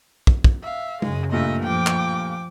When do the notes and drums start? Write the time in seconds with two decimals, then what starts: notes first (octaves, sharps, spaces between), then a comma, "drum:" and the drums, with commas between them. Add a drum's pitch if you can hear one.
0.27 drum: kick
0.44 drum: kick
0.62 E5 F5
1.02 F#2 C#3 G#3, drum: tom
1.32 G2 A#2 A3 D#5 E5
1.63 F3 G5 D6
1.87 drum: clap